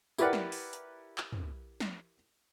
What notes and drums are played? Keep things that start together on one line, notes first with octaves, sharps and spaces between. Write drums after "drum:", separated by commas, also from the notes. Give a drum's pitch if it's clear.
E4 G4 A#4 B4 D5 F#5, drum: tambourine
drum: snare
drum: open hi-hat
drum: hi-hat
drum: clap
drum: tom
drum: snare